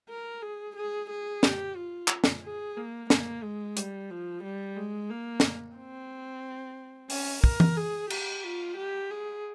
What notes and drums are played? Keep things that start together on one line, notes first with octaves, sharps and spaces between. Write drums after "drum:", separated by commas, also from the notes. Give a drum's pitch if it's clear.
A#4
G#4
G#4
G#4
G4, drum: snare
F4
drum: clap
drum: snare
G#4
A#3
A#3, drum: snare
G#3
G3, drum: hi-hat
F3
G3
G#3
A#3
drum: snare
C4
C#4, drum: open hi-hat
A#4, drum: kick
drum: tom E3
G#4
G4, drum: cymbal
F4
G4
G#4